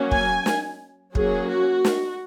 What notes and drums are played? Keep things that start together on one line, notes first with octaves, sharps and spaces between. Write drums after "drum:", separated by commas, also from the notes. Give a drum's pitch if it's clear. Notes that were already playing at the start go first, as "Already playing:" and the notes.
Already playing: F#3 A#3 C#4
G#5, drum: kick
drum: snare
F#3 A#3 C#4 G#4, drum: kick
F#4
drum: snare